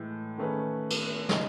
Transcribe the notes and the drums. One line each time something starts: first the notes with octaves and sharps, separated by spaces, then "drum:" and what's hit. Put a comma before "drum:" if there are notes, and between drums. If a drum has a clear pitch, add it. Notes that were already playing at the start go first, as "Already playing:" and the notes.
Already playing: A2 E3 G#3
D#3 A3 C#4 G#4 B4
drum: cymbal
C#3 G#3 D#4, drum: snare